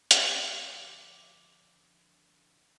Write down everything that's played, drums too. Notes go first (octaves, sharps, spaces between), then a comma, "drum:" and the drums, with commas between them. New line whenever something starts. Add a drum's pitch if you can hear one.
D3 F3 D4 D6, drum: hi-hat